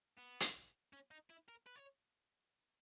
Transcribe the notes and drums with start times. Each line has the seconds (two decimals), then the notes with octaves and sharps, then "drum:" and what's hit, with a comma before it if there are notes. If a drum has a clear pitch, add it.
0.17 B3
0.40 drum: hi-hat
0.93 C#4
1.11 D#4
1.30 E4
1.49 A#4
1.67 B4
1.76 C#5